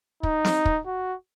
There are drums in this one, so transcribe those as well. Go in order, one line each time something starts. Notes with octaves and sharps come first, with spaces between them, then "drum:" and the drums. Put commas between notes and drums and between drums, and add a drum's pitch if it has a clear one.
D#4, drum: kick
drum: snare
drum: kick
F#4